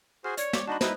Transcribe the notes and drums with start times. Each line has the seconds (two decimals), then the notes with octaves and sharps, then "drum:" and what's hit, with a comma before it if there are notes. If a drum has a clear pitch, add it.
0.24 F#4 G#4 C5 F6
0.37 C#5 D5 G#6 C#7, drum: hi-hat
0.53 D6 B6, drum: snare
0.67 D4 D#4 F#4 A5 B5
0.81 D#4 E4 B4 C5 D#6 F#6, drum: snare